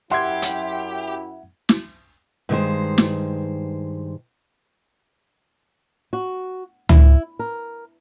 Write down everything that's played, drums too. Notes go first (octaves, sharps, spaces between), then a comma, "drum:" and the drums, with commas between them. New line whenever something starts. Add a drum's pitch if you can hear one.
F#2 E4 G4 E5 F#5 C6 G#6
drum: hi-hat
drum: snare
G2 D#3 G#3 C5
drum: snare
F#4
E4, drum: tom C#2
A#4